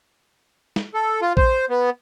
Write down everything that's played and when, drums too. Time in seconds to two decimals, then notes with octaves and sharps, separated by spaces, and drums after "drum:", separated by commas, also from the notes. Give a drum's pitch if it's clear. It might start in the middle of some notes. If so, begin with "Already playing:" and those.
0.76 drum: snare
0.94 A4
1.22 F4
1.37 C5, drum: kick A#1
1.70 B3